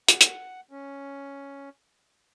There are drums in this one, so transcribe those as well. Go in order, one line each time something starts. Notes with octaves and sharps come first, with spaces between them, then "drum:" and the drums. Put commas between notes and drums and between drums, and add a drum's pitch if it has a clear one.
F#5, drum: hi-hat
drum: hi-hat
C#4